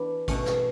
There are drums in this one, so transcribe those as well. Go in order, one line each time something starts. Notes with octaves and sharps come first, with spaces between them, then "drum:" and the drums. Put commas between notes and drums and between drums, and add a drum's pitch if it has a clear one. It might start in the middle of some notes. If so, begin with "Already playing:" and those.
Already playing: E3 B3 D4
B2 A3 C#4, drum: kick, cymbal
drum: snare